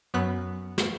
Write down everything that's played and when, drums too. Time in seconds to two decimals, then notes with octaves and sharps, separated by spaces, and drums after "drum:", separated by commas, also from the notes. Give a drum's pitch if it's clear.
0.14 F#2 B3 F#6
0.78 drum: snare